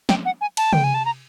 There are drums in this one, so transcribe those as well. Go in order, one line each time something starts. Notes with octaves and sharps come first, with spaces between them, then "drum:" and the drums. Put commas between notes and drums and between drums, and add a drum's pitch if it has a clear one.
G5, drum: snare
F#5
G#5
A5, drum: cymbal
G5, drum: tom
G#5
A5
A#5